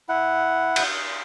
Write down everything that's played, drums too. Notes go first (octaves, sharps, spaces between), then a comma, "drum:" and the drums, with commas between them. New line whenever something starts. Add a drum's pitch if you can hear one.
E4 F#5
drum: cymbal